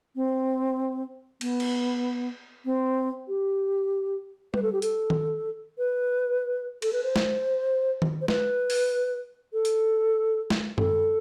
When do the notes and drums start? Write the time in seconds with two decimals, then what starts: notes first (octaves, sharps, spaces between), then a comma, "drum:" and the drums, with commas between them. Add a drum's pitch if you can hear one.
0.16 C4
1.41 B3, drum: cymbal
1.60 drum: cymbal
2.65 C4
3.28 G4
4.54 B4, drum: tom G3
4.62 A4
4.73 G4
4.82 A4, drum: hi-hat
5.10 drum: tom D#3
5.78 B4
6.82 A4, drum: cymbal
6.93 B4
7.04 C5
7.16 drum: snare G#3
8.02 drum: tom D#3
8.21 C5
8.28 B4, drum: snare G#3
8.70 drum: open hi-hat
9.53 A4
9.65 drum: hi-hat
10.50 drum: snare G#3
10.78 A4, drum: tom F#2